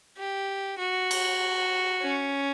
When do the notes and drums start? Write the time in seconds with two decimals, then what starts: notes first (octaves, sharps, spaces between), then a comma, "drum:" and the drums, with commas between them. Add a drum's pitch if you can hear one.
0.17 G4
0.79 F#4
1.11 drum: cymbal
2.02 C#4